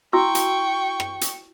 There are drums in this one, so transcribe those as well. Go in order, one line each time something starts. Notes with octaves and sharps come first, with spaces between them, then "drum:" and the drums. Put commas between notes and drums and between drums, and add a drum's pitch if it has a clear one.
E4 F#4 G5 C#6 E6
drum: hi-hat
drum: rim click
drum: hi-hat